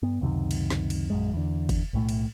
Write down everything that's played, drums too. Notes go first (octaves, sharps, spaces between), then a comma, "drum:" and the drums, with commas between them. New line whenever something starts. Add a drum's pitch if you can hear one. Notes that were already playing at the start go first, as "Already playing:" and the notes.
G2 B3
C#2 F#2 C3 D#3
drum: cymbal
drum: snare
drum: cymbal
A#1 F#2 G#3
E2 D3
drum: kick, cymbal
B1 A2 A3
drum: cymbal